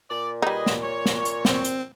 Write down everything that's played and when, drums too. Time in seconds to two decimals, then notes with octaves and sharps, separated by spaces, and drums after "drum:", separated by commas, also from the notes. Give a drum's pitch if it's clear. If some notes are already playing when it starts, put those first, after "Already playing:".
0.11 A#2 D5
0.42 G3 D#4 G#4 B4 D#5
0.66 drum: snare
0.83 C#5
1.06 drum: snare
1.25 drum: hi-hat
1.45 C4, drum: snare
1.64 drum: hi-hat